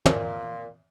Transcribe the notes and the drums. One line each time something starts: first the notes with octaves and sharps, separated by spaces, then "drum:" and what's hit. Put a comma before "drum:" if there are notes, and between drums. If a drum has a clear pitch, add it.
A#2, drum: tom